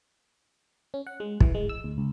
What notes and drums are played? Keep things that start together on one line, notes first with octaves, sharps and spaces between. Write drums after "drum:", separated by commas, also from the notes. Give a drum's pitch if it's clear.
C#4
F#5
G#3
E3, drum: kick
G#3
E6
D2
C#2